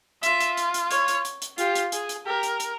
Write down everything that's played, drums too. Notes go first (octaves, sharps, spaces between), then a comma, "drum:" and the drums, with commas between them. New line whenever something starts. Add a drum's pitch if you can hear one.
F4 E5, drum: hi-hat
drum: hi-hat
drum: hi-hat
drum: hi-hat
C#5, drum: hi-hat
drum: hi-hat
drum: hi-hat
drum: hi-hat
F4 G4, drum: hi-hat
drum: hi-hat
G#4, drum: hi-hat
drum: hi-hat
G4 A#4
drum: hi-hat
drum: hi-hat